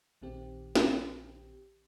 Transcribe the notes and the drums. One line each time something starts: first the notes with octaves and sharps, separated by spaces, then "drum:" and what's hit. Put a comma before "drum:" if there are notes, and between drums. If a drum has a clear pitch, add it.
A#1 D#3 C4 G4
drum: snare